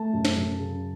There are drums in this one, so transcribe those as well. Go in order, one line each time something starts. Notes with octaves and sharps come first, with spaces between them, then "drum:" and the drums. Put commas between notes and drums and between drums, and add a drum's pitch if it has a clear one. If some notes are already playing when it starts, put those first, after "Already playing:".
Already playing: A3 A5
F#2
drum: snare
F#2
C#3